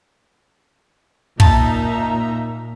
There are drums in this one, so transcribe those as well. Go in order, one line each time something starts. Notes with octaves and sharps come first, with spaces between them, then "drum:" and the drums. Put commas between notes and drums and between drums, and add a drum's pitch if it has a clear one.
A#2 D#4 E5 A5 A#5, drum: kick